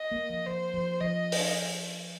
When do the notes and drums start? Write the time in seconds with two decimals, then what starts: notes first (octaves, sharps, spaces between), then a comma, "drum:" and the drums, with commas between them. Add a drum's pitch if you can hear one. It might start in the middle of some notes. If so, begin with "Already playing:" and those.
Already playing: D#5
0.12 A#3
0.30 F3
0.46 F3 C5
0.74 F3
1.01 F3 D#5
1.32 drum: open hi-hat